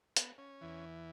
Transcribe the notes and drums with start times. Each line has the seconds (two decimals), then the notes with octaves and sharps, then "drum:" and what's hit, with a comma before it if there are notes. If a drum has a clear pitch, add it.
0.17 B3, drum: hi-hat
0.38 C#4
0.61 E2 E3